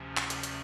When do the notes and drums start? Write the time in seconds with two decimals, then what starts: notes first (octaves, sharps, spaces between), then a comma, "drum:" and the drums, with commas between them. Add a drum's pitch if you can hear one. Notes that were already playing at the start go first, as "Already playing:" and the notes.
Already playing: D2 C3 F3 A3 C#4
0.17 D5, drum: clap
0.30 drum: hi-hat
0.43 drum: hi-hat